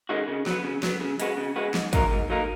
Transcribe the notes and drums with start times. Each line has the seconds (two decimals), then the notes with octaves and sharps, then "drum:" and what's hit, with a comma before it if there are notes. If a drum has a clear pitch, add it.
0.09 D#3 G#3 C#4 F#4
0.28 C#3
0.46 F#3 B3, drum: snare
0.64 C#3
0.83 F#3 B3, drum: snare
1.01 C#3
1.20 G#3 B3 F#4, drum: hi-hat
1.37 C#3
1.56 G#3 B3 F#4
1.74 G#2, drum: snare
1.93 F#3 A#3 D#4 A#4, drum: kick, hi-hat
2.11 G#2
2.30 F#3 A#3 D#4 A#4